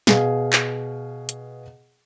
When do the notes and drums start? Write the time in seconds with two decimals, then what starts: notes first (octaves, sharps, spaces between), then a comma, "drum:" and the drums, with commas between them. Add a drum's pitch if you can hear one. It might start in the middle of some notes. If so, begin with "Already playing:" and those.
0.07 B2 G#4 F5, drum: snare
0.53 drum: clap
1.29 drum: hi-hat